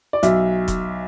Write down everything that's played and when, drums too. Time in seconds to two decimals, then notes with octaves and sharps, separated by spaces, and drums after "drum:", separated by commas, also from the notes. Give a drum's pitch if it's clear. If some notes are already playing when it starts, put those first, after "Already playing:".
0.13 D5
0.23 B1 E5, drum: hi-hat
0.68 drum: kick E1, hi-hat